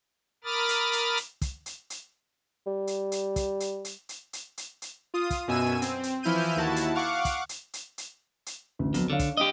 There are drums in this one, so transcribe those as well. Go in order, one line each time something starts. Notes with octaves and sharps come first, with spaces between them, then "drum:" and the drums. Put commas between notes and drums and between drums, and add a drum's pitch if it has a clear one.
A#4 B5 D6 D#6 F6 A6
drum: hi-hat
drum: hi-hat
drum: hi-hat
drum: kick, hi-hat
drum: hi-hat
drum: hi-hat
G3
drum: hi-hat
drum: hi-hat
drum: kick, hi-hat
drum: hi-hat
drum: hi-hat
drum: hi-hat
drum: hi-hat
drum: hi-hat
drum: hi-hat
F4 D#6
drum: kick, hi-hat
F#2 B2 G#5 E6 D#7
C4, drum: hi-hat
drum: hi-hat
E3 F3 E4 F6 G6 D#7
D#2 E4 F#4 A5
drum: hi-hat
F5 F#5 C#6 D6
drum: kick, hi-hat
drum: hi-hat
drum: hi-hat
drum: hi-hat
drum: hi-hat
A1 D2
F2 F#3 B3 C4, drum: hi-hat
D3 D4 C#5 F5
drum: kick, hi-hat
G4 D#5